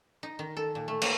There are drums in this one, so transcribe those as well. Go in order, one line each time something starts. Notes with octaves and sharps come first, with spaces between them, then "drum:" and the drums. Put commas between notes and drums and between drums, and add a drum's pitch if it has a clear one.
D#4
D#3
A4
A#2
A3
A#3, drum: cymbal